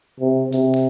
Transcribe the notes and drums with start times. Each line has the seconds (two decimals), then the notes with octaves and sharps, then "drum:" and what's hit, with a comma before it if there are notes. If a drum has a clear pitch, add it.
0.20 C3
0.52 C3, drum: hi-hat
0.74 drum: open hi-hat